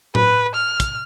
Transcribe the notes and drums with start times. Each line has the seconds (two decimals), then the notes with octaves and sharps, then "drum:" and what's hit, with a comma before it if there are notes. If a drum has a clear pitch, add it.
0.15 B4, drum: tom A2
0.55 F6
0.80 drum: kick, hi-hat